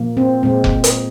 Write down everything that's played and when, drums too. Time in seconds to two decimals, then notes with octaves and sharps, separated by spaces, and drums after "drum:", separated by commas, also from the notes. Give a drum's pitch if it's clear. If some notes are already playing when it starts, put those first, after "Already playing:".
Already playing: A#2 F3 A#3
0.17 C4
0.43 A#2 G#3 C4
0.64 drum: kick F1
0.84 drum: hi-hat